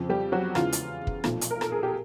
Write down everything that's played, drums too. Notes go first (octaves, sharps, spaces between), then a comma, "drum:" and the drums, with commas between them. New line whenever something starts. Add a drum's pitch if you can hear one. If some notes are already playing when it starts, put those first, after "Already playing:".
Already playing: F2 C#3 F3
G3 G4
F#3 F#4
E2 C#3 E3 G#3 F4, drum: rim click
drum: hi-hat
drum: kick
B1 A#2 F3 A3, drum: rim click
drum: hi-hat
A#4
A4, drum: rim click
G#4
G4